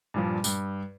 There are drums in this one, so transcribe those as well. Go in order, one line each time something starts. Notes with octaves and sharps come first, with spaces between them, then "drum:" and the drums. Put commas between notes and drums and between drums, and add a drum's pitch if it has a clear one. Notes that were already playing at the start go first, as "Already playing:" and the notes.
G2 A#2 F3
G2, drum: tambourine